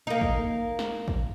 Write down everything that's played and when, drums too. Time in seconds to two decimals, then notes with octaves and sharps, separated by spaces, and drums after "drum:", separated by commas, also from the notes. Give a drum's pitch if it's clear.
0.07 A#3 D#4
0.21 drum: kick
0.79 drum: snare
1.08 drum: kick